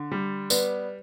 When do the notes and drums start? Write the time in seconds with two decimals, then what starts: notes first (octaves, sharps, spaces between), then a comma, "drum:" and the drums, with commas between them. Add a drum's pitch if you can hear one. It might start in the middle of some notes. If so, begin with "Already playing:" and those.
Already playing: D3
0.12 G3
0.50 B3 B4 D5, drum: tambourine